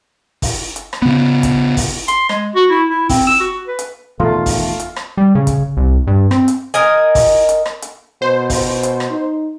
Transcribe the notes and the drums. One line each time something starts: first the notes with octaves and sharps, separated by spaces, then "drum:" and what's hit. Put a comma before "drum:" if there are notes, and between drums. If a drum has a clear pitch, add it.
drum: kick, open hi-hat
drum: hi-hat
drum: rim click
C#3 B3
drum: kick, hi-hat
drum: kick, open hi-hat
C6, drum: hi-hat
G#3, drum: rim click
F#4
E4
E4
C4, drum: kick, open hi-hat
E6
F#4
B4
drum: hi-hat
E2 B2 D#3 A3 F4
drum: kick, open hi-hat
drum: hi-hat
drum: rim click
G3
C#3
drum: kick, hi-hat
C2
G2
C4, drum: rim click
drum: hi-hat
A#4 D#5 G#5
drum: kick, open hi-hat
drum: hi-hat
drum: rim click
drum: hi-hat
B2 C5
drum: kick, open hi-hat
drum: hi-hat
drum: rim click
D#4